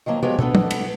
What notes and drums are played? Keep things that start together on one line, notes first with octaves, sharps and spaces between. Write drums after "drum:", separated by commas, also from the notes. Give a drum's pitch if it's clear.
D#3 F3 F#3 A#3
F3 F#3 G#3 B3 G4 C#5
B3 D4 A4 B4, drum: tom
drum: tom
drum: cymbal